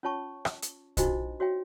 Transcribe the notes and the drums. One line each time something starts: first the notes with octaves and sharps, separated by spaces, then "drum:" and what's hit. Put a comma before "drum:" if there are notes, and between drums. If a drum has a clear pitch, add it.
C#4 F4 C#5 A5 C#6
drum: rim click
drum: hi-hat
D4 D#4 F4 F#4 C5 D#5, drum: kick, hi-hat
F#4 C#5 E5 G5